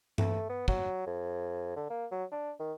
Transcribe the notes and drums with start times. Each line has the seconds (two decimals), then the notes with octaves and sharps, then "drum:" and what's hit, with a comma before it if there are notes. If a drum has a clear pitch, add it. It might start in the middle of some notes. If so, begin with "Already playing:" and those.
0.18 A3, drum: tom G2
0.49 B3
0.68 F#3, drum: kick
1.06 F2
1.76 D3
1.90 A#3
2.11 F#3
2.32 D4
2.60 D#3